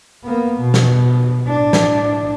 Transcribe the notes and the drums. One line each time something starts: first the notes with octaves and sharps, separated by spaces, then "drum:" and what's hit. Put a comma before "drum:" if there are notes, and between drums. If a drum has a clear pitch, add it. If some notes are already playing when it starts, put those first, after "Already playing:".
A#3 B3
B2
drum: snare
A2 D4
drum: snare